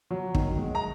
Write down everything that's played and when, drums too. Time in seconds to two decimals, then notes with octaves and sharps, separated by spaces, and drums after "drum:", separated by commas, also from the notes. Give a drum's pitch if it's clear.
0.11 F#3
0.35 D#3, drum: kick
0.58 G#3
0.75 A#5